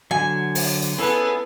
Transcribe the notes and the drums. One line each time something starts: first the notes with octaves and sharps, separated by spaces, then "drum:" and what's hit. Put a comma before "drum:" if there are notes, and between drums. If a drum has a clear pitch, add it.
D3 F#3 G#5
drum: open hi-hat
drum: hi-hat
B3 C#4 E4 G#4 A4 F#6